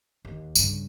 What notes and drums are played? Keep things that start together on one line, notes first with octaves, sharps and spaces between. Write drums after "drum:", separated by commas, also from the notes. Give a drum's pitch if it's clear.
D#2
G2 C#3, drum: tambourine